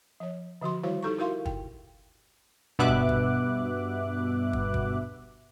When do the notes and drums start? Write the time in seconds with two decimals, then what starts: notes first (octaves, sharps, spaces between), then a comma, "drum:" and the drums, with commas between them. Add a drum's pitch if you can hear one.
0.20 F3 C#5
0.61 D3 F3 F#4 C6
0.83 D#3 G3 E4 F#4 C5 C#5
1.03 D#4 G4 A4 A#5 C#6
1.19 E4 F#4 A#4 E5 F5 C6
1.46 G5, drum: kick
2.79 G2 B2 B3 E5 D6 F#6
2.88 drum: kick
3.09 drum: kick
4.53 drum: kick
4.74 drum: kick